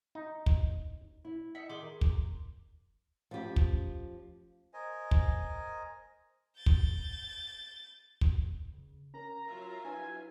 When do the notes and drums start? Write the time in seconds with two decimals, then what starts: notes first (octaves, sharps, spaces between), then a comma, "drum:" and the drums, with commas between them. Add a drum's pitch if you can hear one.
0.15 D#4
0.46 drum: kick
1.25 E4
1.55 D#4 E5 F#5
1.69 D#3 G#4 C6 D6
1.82 A#4
2.01 drum: kick
3.31 F3 A3 C#4 G4 F5
3.56 drum: kick
4.73 A#4 C5 D#5 G#5
5.11 drum: kick
6.57 G6 A6
6.66 drum: kick
8.21 drum: kick
8.74 C#3
9.14 C#4 A#4 A#5
9.46 F#3 F4 A#4 E5
9.85 D4 E4 B4 G#5